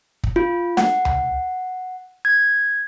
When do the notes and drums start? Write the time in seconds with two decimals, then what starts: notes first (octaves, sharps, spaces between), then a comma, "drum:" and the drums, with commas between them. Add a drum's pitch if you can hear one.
0.24 drum: kick
0.36 F4
0.77 F#5, drum: snare
1.05 drum: tom C#2
2.25 G#6